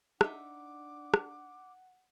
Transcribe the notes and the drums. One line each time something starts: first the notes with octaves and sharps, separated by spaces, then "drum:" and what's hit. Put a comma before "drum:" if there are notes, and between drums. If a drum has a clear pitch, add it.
D4 D#4 E5 F#5 D6, drum: rim click
drum: rim click